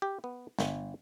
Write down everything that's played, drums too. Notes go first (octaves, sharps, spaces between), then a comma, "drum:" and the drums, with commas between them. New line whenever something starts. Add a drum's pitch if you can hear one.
G4
B3
G1, drum: snare